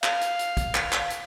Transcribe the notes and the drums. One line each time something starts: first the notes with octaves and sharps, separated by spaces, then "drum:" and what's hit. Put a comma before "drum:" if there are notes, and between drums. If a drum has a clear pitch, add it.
F5, drum: clap
drum: hi-hat
drum: hi-hat
drum: kick, hi-hat
drum: clap
drum: clap
drum: hi-hat